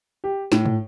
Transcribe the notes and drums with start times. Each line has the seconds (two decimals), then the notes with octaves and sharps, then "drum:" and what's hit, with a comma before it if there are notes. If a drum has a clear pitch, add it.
0.24 G4
0.52 A2, drum: snare
0.65 drum: tom